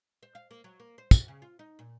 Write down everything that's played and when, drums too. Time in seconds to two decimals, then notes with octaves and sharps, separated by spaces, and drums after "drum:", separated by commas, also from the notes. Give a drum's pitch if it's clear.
0.23 C5
0.35 F5
0.51 A#3
0.64 F#3
0.80 A#3
0.98 C5
1.11 F#4, drum: kick, tambourine
1.28 C#3
1.42 F4
1.59 D#4
1.79 A#2